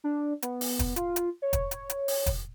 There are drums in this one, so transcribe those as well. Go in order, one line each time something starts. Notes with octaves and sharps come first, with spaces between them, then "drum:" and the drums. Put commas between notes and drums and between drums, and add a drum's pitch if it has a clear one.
D4
B3, drum: hi-hat
drum: open hi-hat
drum: kick, hi-hat
F4, drum: hi-hat
drum: hi-hat
C#5
drum: kick, hi-hat
drum: hi-hat
drum: hi-hat
drum: open hi-hat
drum: kick, hi-hat